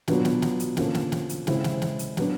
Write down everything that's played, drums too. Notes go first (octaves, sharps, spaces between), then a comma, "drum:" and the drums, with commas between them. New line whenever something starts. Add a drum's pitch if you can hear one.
B2 F#3 B3 D4 F4, drum: snare
drum: snare
drum: snare
drum: hi-hat
D3 F3 A#3 C#4, drum: snare
drum: snare
drum: snare
drum: hi-hat
C#3 E3 G#3 C4 E4, drum: snare
drum: snare
drum: snare
drum: hi-hat
F#3 B3 D4, drum: snare